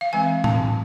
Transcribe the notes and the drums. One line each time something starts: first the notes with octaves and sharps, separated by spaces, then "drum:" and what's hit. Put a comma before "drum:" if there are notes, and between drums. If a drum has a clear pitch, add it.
F5
E3 G#3 C4 G#5
A5, drum: tom A2